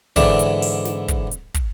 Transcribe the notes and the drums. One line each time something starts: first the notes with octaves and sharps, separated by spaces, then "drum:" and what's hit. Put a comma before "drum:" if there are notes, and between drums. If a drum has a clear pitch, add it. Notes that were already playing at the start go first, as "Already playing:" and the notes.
G#2 D3 E3 D5, drum: kick, hi-hat
drum: hi-hat
drum: open hi-hat
drum: snare
drum: kick, hi-hat
drum: hi-hat
drum: kick, hi-hat